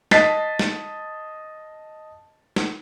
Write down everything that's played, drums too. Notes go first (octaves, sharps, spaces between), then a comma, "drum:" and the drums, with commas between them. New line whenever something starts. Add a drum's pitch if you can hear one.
D#5 A5 A6 B6 C7, drum: snare
drum: snare
drum: snare